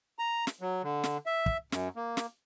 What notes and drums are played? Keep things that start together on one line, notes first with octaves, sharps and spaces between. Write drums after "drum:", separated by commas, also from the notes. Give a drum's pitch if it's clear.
A#5
drum: snare
F#3
D3
drum: snare
E5
drum: kick
F#2, drum: snare
A#3
drum: snare